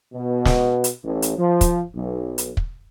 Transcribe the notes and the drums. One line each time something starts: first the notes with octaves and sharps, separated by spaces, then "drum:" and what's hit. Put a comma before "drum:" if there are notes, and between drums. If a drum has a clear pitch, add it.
B2
drum: snare
drum: hi-hat
A1
drum: hi-hat
F3
drum: kick, hi-hat
B1
drum: hi-hat
drum: kick